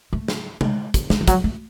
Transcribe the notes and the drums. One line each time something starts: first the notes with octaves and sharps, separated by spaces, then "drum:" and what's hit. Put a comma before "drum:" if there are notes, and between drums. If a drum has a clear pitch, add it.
A3
drum: snare
G#3, drum: tom C3
drum: kick, hi-hat
A3, drum: snare
E3
F#3, drum: kick, hi-hat
A3